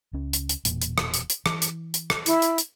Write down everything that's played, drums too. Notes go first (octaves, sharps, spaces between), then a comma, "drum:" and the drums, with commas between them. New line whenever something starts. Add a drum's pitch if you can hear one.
C#2 C#4
drum: hi-hat
drum: hi-hat
E1 E2 A#2, drum: hi-hat
drum: hi-hat
drum: rim click
drum: hi-hat
drum: hi-hat
E3, drum: rim click
drum: hi-hat
drum: hi-hat
drum: rim click
E4, drum: hi-hat
drum: hi-hat
drum: hi-hat